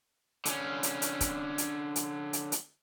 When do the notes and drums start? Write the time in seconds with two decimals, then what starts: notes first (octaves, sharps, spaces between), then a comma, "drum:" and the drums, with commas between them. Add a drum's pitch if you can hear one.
0.45 D3 C#4, drum: hi-hat
0.83 drum: hi-hat
1.02 drum: hi-hat
1.21 drum: kick, hi-hat
1.58 drum: hi-hat
1.96 drum: hi-hat
2.33 drum: hi-hat
2.52 drum: hi-hat